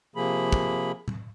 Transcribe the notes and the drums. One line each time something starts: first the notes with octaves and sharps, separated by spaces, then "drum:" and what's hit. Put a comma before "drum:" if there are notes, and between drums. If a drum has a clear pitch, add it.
C3 F3 A#3 G#4 B5
drum: kick
drum: tom A2